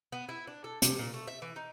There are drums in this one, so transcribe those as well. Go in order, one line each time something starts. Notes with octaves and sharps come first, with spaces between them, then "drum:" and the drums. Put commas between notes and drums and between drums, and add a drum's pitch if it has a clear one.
B3
E4
D4
A4
C3, drum: hi-hat
A#2
A3
E5
E3
D#4